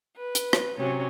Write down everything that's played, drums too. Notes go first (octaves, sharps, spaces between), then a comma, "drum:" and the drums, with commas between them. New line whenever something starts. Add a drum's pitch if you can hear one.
B4
drum: hi-hat
drum: rim click
C3 F#3 C#4